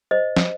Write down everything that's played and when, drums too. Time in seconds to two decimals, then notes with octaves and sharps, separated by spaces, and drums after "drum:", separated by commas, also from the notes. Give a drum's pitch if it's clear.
0.11 C5 D#5
0.37 drum: snare